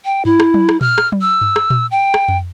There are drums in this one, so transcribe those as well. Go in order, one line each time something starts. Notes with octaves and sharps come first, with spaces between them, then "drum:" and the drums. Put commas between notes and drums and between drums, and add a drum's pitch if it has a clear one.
G5
E4, drum: tom G2
drum: rim click
drum: tom F#3
drum: rim click
F6, drum: tom A#2
drum: rim click
drum: tom F#3
E6
drum: tom G2
drum: rim click
drum: tom A#2
G5
drum: rim click
drum: tom F2